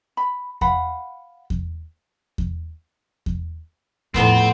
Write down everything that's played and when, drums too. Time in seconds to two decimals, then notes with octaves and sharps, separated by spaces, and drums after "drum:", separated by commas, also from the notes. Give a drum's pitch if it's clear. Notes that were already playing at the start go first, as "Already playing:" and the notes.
0.17 B5
0.61 F5 F#5 B5, drum: kick E2
1.50 drum: kick E2
2.38 drum: kick E2
3.26 drum: kick E2
4.14 F2 A2 B3 C4 B4, drum: kick E2